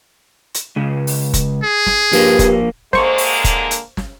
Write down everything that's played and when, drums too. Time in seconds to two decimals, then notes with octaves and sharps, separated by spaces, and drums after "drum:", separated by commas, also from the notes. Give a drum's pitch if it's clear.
0.54 drum: hi-hat
0.76 C#2 C#3
1.07 drum: open hi-hat
1.34 drum: kick, hi-hat
1.63 G#4
1.86 drum: snare
2.13 G2 F3 A#3, drum: open hi-hat
2.39 drum: kick, hi-hat
2.93 D3 G#3 A#3 C5 C#6, drum: snare
3.18 drum: open hi-hat
3.44 drum: kick, hi-hat
3.71 drum: hi-hat
3.97 drum: snare